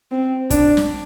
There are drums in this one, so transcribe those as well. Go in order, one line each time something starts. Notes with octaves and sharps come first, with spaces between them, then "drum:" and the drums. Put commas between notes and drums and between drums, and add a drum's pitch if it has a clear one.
C4
D4, drum: kick, hi-hat
drum: snare